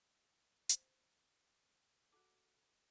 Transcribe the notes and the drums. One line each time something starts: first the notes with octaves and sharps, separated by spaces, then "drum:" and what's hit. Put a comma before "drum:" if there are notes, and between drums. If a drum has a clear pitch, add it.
C5, drum: hi-hat
F#4 A4 D6 F#6